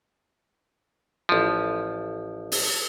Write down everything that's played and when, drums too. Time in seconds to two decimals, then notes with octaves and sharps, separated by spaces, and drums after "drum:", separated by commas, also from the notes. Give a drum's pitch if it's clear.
1.29 A1 F3
2.52 drum: open hi-hat